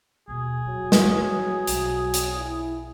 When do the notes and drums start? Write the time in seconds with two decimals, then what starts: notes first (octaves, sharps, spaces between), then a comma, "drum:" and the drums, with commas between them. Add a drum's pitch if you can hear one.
0.28 D#2 B2 G#4
0.65 D#1 F#3
0.92 drum: snare
1.04 C#4 D#4
1.67 B1, drum: hi-hat
2.14 drum: hi-hat
2.37 E4